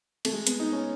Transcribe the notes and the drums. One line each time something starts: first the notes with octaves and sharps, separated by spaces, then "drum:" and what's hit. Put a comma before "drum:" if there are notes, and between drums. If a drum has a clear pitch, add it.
A3, drum: cymbal
G#3
B3, drum: hi-hat
D#4
C#4